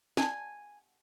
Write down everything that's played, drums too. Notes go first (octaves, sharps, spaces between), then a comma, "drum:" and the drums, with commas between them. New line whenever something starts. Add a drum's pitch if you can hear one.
G#5, drum: snare